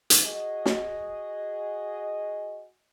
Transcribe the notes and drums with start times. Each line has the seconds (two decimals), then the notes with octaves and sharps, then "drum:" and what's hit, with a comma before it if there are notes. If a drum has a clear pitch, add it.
0.10 drum: hi-hat
0.23 F#4 G#4 D#5
0.66 drum: snare